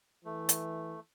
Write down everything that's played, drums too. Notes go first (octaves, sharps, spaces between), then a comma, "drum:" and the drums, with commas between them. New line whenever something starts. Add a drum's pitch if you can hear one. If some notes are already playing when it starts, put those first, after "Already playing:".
E3 A3
drum: hi-hat